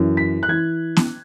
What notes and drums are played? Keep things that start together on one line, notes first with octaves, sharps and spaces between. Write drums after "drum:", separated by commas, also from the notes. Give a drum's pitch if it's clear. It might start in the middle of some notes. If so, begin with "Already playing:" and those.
Already playing: F#2 E3
B6
F#6
E3 G#6
drum: snare B3